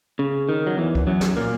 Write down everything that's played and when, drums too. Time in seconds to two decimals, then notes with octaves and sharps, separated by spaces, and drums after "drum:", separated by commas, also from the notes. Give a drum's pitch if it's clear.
0.19 C#3
0.49 D#3
0.67 F#3
0.77 E2 E3
0.95 drum: kick C#2
1.07 F#2 F#3
1.21 drum: snare
1.37 A#2 A#3